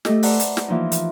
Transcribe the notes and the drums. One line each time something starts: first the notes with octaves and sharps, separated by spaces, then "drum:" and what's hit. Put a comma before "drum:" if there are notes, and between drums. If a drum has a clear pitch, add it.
A3 G4 A4 D#5, drum: snare
B4 C5 D5 F#5 A5 A#5, drum: open hi-hat
drum: hi-hat
drum: snare
E3 F3 A#3 D#4
drum: hi-hat